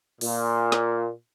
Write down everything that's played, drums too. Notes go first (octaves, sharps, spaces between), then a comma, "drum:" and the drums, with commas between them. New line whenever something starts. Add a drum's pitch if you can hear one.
A#2, drum: open hi-hat
drum: snare